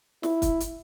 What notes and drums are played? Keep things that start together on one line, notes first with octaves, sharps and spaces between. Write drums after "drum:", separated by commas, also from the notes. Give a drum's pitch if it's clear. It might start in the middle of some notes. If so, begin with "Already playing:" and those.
E4, drum: snare
drum: kick, hi-hat
drum: hi-hat